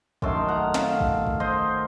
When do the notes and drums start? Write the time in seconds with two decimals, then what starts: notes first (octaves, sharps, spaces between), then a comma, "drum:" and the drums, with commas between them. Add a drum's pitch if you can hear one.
0.22 F#2 D#3 A3 A5 C6, drum: kick
0.48 F#5 A#5
0.74 F5 A5, drum: snare
1.01 drum: kick
1.27 drum: kick
1.40 C5 D#5